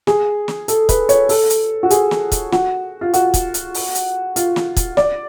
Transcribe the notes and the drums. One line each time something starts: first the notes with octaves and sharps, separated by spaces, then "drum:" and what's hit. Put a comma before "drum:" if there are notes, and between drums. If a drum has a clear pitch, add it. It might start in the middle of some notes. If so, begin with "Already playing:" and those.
G#4, drum: snare
drum: snare
A4, drum: hi-hat
B4, drum: kick, hi-hat
C#5, drum: hi-hat
A4, drum: open hi-hat
drum: hi-hat
F#4
G#4, drum: hi-hat
drum: snare
drum: kick, hi-hat
F#4, drum: snare
F4
F#4, drum: hi-hat
drum: kick, hi-hat
drum: hi-hat
drum: open hi-hat
drum: hi-hat
F4, drum: hi-hat
drum: snare
drum: kick, hi-hat
D5, drum: snare